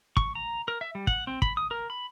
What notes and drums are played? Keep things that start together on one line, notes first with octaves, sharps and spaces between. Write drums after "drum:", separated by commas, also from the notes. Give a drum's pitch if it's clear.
C#6, drum: kick
A#5
A#4
E5
G3
F#5, drum: kick
C4
B5, drum: kick
D#6
A#4
B5